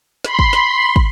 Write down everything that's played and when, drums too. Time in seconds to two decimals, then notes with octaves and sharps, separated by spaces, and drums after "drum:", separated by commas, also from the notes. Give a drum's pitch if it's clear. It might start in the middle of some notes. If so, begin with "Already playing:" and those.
0.24 B5 C6, drum: snare
0.39 drum: kick
0.53 drum: snare
0.96 drum: kick